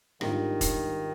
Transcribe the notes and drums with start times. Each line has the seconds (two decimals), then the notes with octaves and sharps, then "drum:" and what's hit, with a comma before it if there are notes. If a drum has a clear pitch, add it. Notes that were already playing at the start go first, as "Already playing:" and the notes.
0.21 G#1 G#2 D#3 G3 D4 F4, drum: rim click
0.61 drum: kick F1, hi-hat